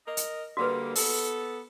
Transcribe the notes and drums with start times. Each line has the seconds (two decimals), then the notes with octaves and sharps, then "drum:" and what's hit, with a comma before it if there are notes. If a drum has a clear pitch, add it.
0.07 A#4 D#5
0.17 drum: hi-hat
0.57 D3 G3 A#3 F#4 B4
0.95 B3 A4, drum: open hi-hat